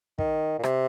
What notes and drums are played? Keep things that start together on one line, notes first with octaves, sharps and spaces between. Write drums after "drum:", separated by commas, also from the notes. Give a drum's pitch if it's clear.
D#3, drum: kick
A#2
C3, drum: rim click